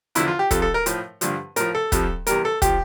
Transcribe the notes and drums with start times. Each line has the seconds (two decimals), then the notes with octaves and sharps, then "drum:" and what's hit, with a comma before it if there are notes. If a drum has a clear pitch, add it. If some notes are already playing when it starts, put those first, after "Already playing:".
0.15 E2 D3 F3 E4, drum: hi-hat
0.28 F4
0.39 G4
0.51 F2 C3 F3 A4, drum: kick, hi-hat
0.62 A4
0.74 A#4
0.86 A2 F3, drum: hi-hat
1.21 G2 D3 F3, drum: hi-hat
1.56 A2 F3 A#4, drum: hi-hat
1.75 A4
1.92 F2 C3 F3, drum: kick, hi-hat
2.27 E2 C3 G3 A#4, drum: hi-hat
2.45 A4
2.62 C3 F3 G4, drum: kick, hi-hat